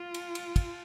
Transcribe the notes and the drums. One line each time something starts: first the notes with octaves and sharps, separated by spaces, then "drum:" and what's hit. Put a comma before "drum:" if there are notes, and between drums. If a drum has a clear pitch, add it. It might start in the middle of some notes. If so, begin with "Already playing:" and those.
Already playing: F4
drum: cymbal
drum: cymbal
drum: kick, cymbal